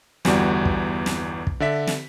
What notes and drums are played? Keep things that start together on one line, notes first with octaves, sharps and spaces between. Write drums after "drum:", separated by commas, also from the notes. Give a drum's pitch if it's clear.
G1 E2 G3 F#4 D5, drum: snare
drum: kick
drum: snare
drum: kick
D3 D5 E5 B6
drum: snare